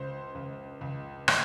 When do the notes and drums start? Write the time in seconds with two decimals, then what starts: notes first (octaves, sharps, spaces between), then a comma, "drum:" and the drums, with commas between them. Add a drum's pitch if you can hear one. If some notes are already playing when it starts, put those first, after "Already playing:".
Already playing: C#2 C5
0.35 C#2
0.81 C#2
1.28 drum: rim click